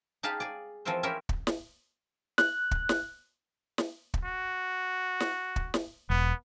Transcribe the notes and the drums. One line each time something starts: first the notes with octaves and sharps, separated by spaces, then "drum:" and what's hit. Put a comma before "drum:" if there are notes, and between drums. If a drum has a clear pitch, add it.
D#4 G4 G#4 F5 A5 B5
G#4 D5
E3 F3 C4 E4 A#4 C5
C#4 E4 G4 A#4 C5 C#5
drum: kick
drum: snare
F#6, drum: snare
drum: kick
drum: snare
drum: snare
drum: kick
F#4
drum: snare
drum: kick
drum: snare
E1 B3